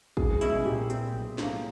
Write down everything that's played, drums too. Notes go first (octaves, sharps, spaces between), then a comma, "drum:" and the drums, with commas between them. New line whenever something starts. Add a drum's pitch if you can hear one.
C2 G#4, drum: kick
B2 G#3 C#4 E4, drum: hi-hat
A#2 G4
G3 C4, drum: hi-hat
B1
A2 F3 A#3, drum: snare